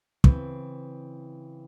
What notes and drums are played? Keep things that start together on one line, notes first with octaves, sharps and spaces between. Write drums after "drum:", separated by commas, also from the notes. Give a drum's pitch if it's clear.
C#3 E3 C4, drum: kick